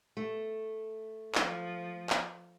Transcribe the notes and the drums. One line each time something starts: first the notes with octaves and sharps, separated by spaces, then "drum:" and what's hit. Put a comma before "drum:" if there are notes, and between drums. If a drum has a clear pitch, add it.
A3
F3, drum: clap
drum: clap